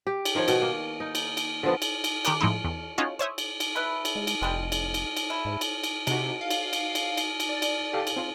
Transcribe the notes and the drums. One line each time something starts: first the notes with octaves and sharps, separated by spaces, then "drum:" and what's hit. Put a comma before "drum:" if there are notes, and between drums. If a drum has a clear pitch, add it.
G4
drum: cymbal
D#3 F3 C#5
B2, drum: cymbal
A#3
D#4
drum: cymbal
drum: cymbal
D3 F3 B3
drum: cymbal
drum: cymbal
D#3 G4 A#4 D5 F#6, drum: cymbal
A2 F3 G#3 D#4 E4
E2
C#4 D#4 F4 F#4
C5 C#5 E5 D#6
drum: cymbal
drum: cymbal
E4 B4 E5
drum: cymbal
G#3
drum: cymbal
F1 G3 G#3 C4
drum: cymbal
drum: cymbal
drum: cymbal
E4
G#2
drum: cymbal
drum: cymbal
C3 D#4 F#4, drum: cymbal
F5
drum: cymbal
drum: cymbal
drum: cymbal
drum: cymbal
drum: cymbal
D5
drum: cymbal
G4 A4 F5
drum: cymbal
C4 F4